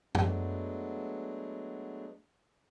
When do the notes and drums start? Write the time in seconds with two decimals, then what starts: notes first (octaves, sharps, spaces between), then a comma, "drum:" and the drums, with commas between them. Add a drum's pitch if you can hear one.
0.15 F#3 G#3 A3 B3 D4, drum: tom